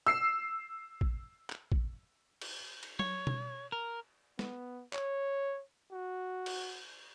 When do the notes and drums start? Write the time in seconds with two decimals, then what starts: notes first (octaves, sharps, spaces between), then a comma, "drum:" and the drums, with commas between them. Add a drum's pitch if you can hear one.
0.06 E6 C7
1.01 drum: kick
1.50 drum: clap
1.72 drum: kick
2.42 drum: cymbal
2.83 drum: cymbal
2.99 C#5, drum: tom F#3
3.27 drum: tom B2
3.72 A#4
4.39 B3, drum: snare
4.93 C#5, drum: clap
5.92 F#4
6.46 drum: cymbal